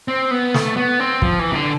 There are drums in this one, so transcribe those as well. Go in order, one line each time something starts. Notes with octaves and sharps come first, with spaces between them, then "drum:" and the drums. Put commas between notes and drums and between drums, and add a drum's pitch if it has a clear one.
C4
B3
A3, drum: snare
B3
C4
F3, drum: kick
E3
C3
D3